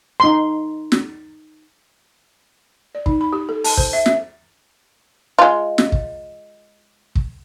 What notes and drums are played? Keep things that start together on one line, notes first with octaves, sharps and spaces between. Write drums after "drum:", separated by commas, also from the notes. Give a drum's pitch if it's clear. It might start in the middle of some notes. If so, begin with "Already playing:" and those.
D#4 C6
drum: snare
D5
D#4, drum: kick
B5
G4
A4
A5, drum: open hi-hat
C5, drum: kick
E5
E5, drum: snare
G#3 F4
drum: snare
drum: kick
drum: kick